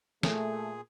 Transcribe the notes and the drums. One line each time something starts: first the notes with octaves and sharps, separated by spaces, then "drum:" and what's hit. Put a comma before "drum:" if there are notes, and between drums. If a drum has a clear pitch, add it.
A#2 A3 G#4, drum: snare